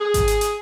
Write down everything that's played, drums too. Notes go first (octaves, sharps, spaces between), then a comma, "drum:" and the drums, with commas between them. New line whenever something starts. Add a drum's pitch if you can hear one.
G#4
drum: kick G#1, hi-hat
drum: hi-hat
drum: hi-hat